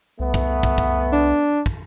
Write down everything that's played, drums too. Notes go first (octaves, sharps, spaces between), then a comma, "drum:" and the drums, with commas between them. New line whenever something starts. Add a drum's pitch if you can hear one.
C2 A3 B3
drum: kick
drum: kick
drum: kick
D4
drum: kick